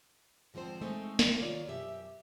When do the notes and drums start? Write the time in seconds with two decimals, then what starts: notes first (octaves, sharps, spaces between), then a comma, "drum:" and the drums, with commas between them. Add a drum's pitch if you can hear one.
0.54 D3 F3 G#3 C4 C5
0.81 G#3 A3 C4 D#4
1.19 drum: snare
1.40 D#3 F4 C#5 D5
1.67 F#2 B2 G4 E5